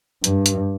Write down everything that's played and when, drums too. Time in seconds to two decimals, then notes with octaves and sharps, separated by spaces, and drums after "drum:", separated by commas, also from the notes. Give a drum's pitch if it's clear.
0.24 G2, drum: hi-hat
0.46 drum: hi-hat